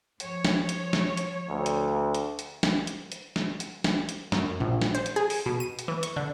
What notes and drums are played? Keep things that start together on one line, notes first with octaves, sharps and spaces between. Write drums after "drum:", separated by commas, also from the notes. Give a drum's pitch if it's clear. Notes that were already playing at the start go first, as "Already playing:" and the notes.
F3 C#5, drum: hi-hat
drum: snare
drum: hi-hat
drum: snare
drum: hi-hat
D2
drum: hi-hat
drum: hi-hat
drum: hi-hat
drum: snare
drum: hi-hat
drum: hi-hat
drum: snare
drum: hi-hat
drum: snare
drum: hi-hat
F#2, drum: snare
A#1
drum: snare
C5
drum: hi-hat
G#4
drum: open hi-hat
B2
D#7
drum: hi-hat
E3
C#6, drum: hi-hat
D3